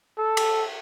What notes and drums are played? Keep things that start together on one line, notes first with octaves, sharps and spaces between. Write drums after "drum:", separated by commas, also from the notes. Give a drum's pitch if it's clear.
A4
drum: cymbal